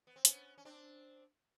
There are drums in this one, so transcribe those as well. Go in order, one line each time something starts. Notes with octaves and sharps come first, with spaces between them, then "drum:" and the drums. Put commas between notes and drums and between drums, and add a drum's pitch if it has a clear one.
B3
C4
B3 C#4, drum: hi-hat
C#4
C4 D4